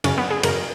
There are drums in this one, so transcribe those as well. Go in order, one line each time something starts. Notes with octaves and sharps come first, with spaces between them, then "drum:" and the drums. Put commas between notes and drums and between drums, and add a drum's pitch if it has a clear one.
F#2 C#3 C#4, drum: cymbal
B3
G#4
F#2 C#3 A#4, drum: cymbal